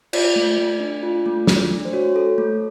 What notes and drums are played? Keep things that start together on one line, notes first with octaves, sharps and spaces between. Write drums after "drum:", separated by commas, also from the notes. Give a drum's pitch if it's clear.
F4 D5, drum: cymbal
A3
A3
D4
F4
A3
A3, drum: snare
D4
C5
F#4 C#5
A4
A3